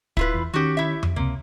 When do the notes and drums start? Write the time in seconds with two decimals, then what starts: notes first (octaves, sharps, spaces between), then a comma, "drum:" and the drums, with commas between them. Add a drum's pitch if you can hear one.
0.17 E4 F4 B4, drum: kick
0.34 E2
0.54 D#3 C#4 F#4 G4
0.77 E4 E5
1.03 drum: tom F2
1.16 C#2 C3 A#3